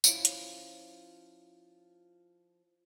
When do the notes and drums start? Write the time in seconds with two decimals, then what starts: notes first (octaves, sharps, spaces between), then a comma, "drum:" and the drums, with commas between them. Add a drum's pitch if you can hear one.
0.04 F3 C#4 E4 F4, drum: tambourine
0.25 drum: hi-hat